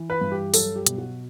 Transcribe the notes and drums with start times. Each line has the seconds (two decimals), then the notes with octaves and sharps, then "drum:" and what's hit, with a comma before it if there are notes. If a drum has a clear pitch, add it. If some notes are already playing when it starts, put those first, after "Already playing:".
Already playing: E3
0.10 B4
0.21 G2
0.32 G4
0.54 F#3 A4, drum: open hi-hat
0.76 G4
0.87 B2, drum: hi-hat
0.98 F#4